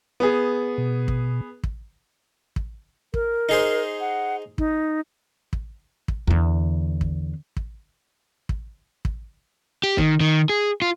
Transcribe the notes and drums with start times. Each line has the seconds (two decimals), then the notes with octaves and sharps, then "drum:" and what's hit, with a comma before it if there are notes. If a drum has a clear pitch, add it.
0.20 B3 G#4
0.78 B2
1.08 drum: kick
1.64 drum: kick
2.56 drum: kick
3.14 A#4, drum: kick
3.49 D#4 G#4 C5
4.00 F#5
4.58 D#4, drum: kick
5.53 drum: kick
6.08 drum: kick
6.27 E2 D3
7.01 drum: kick
7.57 drum: kick
8.49 drum: kick
9.05 drum: kick
9.84 G4
9.98 D#3, drum: kick
10.21 D#3
10.49 G#4
10.82 F4